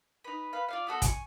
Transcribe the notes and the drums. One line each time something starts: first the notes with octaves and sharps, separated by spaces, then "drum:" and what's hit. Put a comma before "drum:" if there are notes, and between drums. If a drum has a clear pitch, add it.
D#4 B4
B4 F5
F4 D5 F5
B3 F#4 A4
G#5 C#6, drum: kick, hi-hat